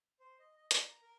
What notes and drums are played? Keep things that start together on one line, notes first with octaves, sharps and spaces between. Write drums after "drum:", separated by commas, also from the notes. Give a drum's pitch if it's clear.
C5
D#5
D#5
D5, drum: hi-hat
A#5
A#4